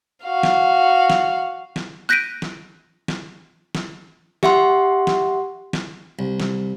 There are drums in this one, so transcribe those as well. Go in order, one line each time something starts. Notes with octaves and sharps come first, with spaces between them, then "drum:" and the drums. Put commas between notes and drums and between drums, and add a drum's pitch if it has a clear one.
F#4 F5
drum: snare
drum: snare
drum: snare
F#6 G6 A#6 B6 D7 D#7
drum: snare
drum: snare
drum: snare
G4 E5 F#5 C6, drum: snare
drum: snare
drum: snare
C2
drum: snare